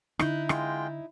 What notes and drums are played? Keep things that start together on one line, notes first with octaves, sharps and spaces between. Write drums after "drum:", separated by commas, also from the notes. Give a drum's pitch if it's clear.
D3 D#4 E4 F#6 G6, drum: rim click
G#3 F4 G5, drum: rim click